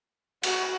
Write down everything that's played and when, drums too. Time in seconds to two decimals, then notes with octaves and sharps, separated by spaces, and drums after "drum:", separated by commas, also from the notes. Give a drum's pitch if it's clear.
0.43 F#4, drum: cymbal